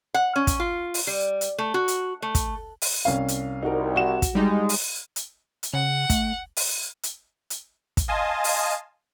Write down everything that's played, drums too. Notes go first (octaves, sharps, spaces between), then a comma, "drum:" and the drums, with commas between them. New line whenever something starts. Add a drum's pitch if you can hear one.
F#5
C#4
drum: kick, hi-hat
F4
drum: open hi-hat
G3
drum: hi-hat
A3
F#4
drum: hi-hat
A3
drum: kick, hi-hat
drum: open hi-hat
C2 C#4 F5
drum: hi-hat
C2 D#4 F#4 A#4
F#4 E7
drum: kick, hi-hat
G3 G#3 D#4
drum: open hi-hat
drum: hi-hat
drum: hi-hat
C#3 F#5
A3, drum: kick, hi-hat
drum: open hi-hat
drum: hi-hat
drum: hi-hat
drum: kick, hi-hat
D#5 F5 G#5 A5 C6 D#6
drum: open hi-hat